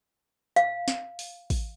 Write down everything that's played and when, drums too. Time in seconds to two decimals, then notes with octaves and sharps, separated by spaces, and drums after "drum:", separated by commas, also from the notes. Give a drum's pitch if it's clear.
0.56 F5, drum: hi-hat
0.88 drum: snare
1.19 drum: open hi-hat
1.50 drum: kick, open hi-hat